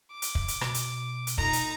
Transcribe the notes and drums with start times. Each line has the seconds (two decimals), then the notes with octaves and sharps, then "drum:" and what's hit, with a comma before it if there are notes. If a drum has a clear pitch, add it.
0.11 D6
0.22 drum: hi-hat
0.35 drum: kick
0.48 drum: hi-hat
0.61 B2, drum: rim click
0.74 drum: hi-hat
1.27 drum: hi-hat
1.38 D#4 A#5, drum: kick
1.53 drum: hi-hat